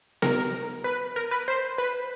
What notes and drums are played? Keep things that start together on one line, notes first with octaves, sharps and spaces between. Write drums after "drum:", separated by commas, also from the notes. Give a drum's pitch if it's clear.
A#4, drum: snare B3
B4
A#4
B4
C5
B4